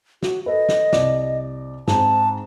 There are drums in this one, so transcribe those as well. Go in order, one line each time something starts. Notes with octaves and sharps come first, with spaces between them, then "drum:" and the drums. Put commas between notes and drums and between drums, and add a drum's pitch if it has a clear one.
F#4, drum: snare
A4 B4 D#5
drum: snare
C2 D5, drum: snare
G#2 C4 A5, drum: snare